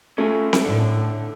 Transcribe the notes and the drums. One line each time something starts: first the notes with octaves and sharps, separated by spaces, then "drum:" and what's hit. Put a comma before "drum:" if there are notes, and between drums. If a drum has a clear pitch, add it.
A3 C#4 F4 G#5
drum: snare C4
A2 D3